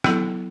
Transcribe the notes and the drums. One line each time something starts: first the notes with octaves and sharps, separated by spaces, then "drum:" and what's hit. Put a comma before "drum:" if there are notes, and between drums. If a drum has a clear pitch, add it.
F#3 B3 E4 A4, drum: rim click